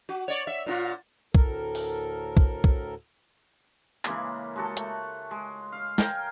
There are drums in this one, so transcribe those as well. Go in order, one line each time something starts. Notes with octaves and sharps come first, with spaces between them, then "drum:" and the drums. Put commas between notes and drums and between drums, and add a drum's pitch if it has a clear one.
F#4
C#5 D5
E5
A#2 D4 F4
D2 A2 A4 A#4, drum: kick
drum: open hi-hat
drum: kick
drum: kick
C#3 E3 G#3 A#3, drum: clap
G#3 F#4 A4
A3, drum: hi-hat
G#3
F5
A#4 G5 G#5, drum: snare